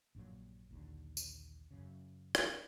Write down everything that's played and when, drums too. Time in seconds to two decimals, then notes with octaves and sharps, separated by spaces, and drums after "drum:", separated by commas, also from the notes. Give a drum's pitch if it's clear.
0.15 A#1 G2 A#2 F#3
0.71 A#1 D#2 D3
1.17 drum: tambourine
1.71 F#2 C#3
2.35 drum: rim click